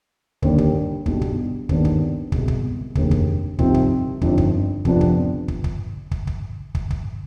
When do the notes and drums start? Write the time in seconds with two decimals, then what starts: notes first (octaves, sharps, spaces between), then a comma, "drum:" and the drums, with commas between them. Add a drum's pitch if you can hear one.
0.42 D#2 D3 G3, drum: kick
0.58 drum: kick
1.06 B1 B2 G3 D4, drum: kick
1.21 drum: kick
1.69 D#2 D#3 G#3 B3 D4, drum: kick
1.85 drum: kick
2.32 C2 B2 G#3, drum: kick
2.48 drum: kick
2.95 F1 D#2 D3 G#3, drum: kick
3.11 drum: kick
3.59 C2 C3 F3 C4 D#4, drum: kick
3.74 drum: kick
4.21 G1 G2 F3 C4 D#4, drum: kick
4.38 drum: kick
4.85 F2 C3 F3 B3 D4, drum: kick
5.01 drum: kick
5.48 drum: kick
5.64 drum: kick
6.11 drum: kick
6.27 drum: kick
6.75 drum: kick
6.90 drum: kick